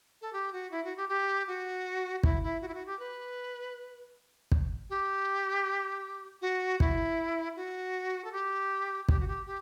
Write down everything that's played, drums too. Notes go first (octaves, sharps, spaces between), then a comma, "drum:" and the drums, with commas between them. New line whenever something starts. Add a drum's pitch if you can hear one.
A4
G4
F#4
E4
F#4
G4
G4
F#4
E4, drum: kick
E4
F#4
E4
F#4
G4
B4
drum: kick
G4
F#4
E4, drum: kick
F#4
A4
G4
G4, drum: kick
F#4
G4
G4